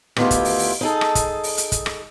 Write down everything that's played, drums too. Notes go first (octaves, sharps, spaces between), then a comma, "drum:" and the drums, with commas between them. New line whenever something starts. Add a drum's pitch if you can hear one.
D2 D#3 B3 E4 F4 G4, drum: rim click
drum: kick, hi-hat
drum: open hi-hat
drum: open hi-hat
D#4 G#4 A4
drum: rim click
drum: kick, hi-hat
drum: open hi-hat
drum: hi-hat
drum: kick, hi-hat
drum: rim click